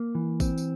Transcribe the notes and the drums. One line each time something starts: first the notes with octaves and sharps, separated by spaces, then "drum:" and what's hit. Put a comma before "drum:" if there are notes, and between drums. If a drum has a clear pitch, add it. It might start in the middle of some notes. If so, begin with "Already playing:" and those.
Already playing: A#3
E3
C4, drum: kick A1, tambourine
drum: tambourine